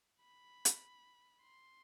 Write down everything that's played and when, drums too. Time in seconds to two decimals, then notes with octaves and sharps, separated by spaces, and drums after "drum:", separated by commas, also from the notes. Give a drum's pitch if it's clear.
0.20 B5
0.65 drum: hi-hat
1.42 C6